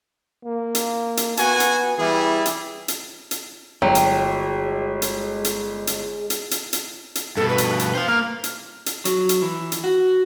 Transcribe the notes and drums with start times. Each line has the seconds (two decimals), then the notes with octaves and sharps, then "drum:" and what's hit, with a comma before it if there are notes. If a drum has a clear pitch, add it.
0.44 A#3
0.75 drum: hi-hat
1.17 drum: hi-hat
1.37 B3 F#4 G#5, drum: hi-hat
1.60 drum: hi-hat
1.98 E3 G3 E4 G#4
2.46 drum: hi-hat
2.88 drum: hi-hat
3.31 drum: hi-hat
3.82 G1 F#3 G#3 G5
3.95 drum: hi-hat
5.02 drum: hi-hat
5.45 drum: hi-hat
5.87 drum: hi-hat
6.30 drum: hi-hat
6.51 drum: hi-hat
6.73 drum: hi-hat
7.15 drum: hi-hat
7.37 G2 B2 A4
7.49 B4
7.58 drum: hi-hat
7.79 drum: hi-hat
7.95 C5 F5
8.08 A#3 F6
8.44 drum: hi-hat
8.86 drum: hi-hat
9.05 F#3, drum: hi-hat
9.29 drum: hi-hat
9.42 E3
9.72 drum: hi-hat
9.84 F#4